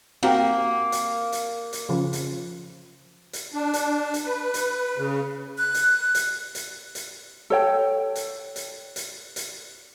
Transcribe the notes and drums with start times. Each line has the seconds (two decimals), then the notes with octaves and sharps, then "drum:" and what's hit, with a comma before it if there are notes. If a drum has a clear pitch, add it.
0.23 A#3 C4 F#4 G4
0.92 drum: hi-hat
1.32 drum: hi-hat
1.73 drum: hi-hat
1.89 C#3 F3
2.13 drum: hi-hat
3.33 drum: hi-hat
3.53 D4
3.74 drum: hi-hat
4.14 drum: hi-hat
4.24 B4
4.54 drum: hi-hat
4.97 C#3
5.58 F#6
5.74 drum: hi-hat
6.15 drum: hi-hat
6.55 drum: hi-hat
6.95 drum: hi-hat
7.50 A4 C#5 G5
8.15 drum: hi-hat
8.56 drum: hi-hat
8.96 drum: hi-hat
9.36 drum: hi-hat